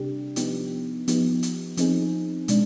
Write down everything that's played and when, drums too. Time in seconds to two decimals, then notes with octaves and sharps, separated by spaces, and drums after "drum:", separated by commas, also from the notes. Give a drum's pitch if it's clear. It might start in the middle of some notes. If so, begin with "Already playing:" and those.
Already playing: C3 G3 D4 G4
0.36 F3 B3 D#4 G4, drum: hi-hat
1.08 F3 B3 D#4 G4, drum: hi-hat
1.43 drum: hi-hat
1.77 F3 C4 D#4 G#4, drum: hi-hat
2.48 B2 G#3 D4, drum: hi-hat